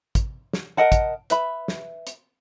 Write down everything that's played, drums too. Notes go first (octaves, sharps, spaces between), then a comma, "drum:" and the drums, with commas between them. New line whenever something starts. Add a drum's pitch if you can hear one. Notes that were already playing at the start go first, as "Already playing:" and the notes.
drum: kick, hi-hat
drum: snare
A#4 D#5 F#5 A5
drum: kick, hi-hat
B4 E5 B5, drum: hi-hat
drum: snare
drum: hi-hat